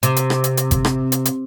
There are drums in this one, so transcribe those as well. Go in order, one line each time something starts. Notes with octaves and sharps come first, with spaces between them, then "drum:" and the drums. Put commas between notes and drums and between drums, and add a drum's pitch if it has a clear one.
C3, drum: hi-hat
drum: hi-hat
drum: rim click
drum: hi-hat
drum: hi-hat
drum: kick G1, hi-hat
drum: rim click
drum: hi-hat
drum: hi-hat